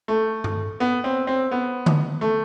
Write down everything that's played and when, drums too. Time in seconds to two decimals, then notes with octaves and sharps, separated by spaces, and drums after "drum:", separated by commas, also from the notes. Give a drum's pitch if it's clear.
0.08 A3
0.44 drum: tom G2
0.80 B3
1.04 C4
1.27 C4
1.51 B3
1.86 drum: tom D3
2.21 A3